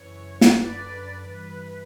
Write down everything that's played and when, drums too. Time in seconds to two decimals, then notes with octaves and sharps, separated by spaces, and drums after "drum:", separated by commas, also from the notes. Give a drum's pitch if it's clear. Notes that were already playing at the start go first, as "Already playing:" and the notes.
Already playing: F#2 C#3 E3 C#5
0.41 drum: snare
0.57 F#2 D3 B4 D5
1.27 G2 E3 B4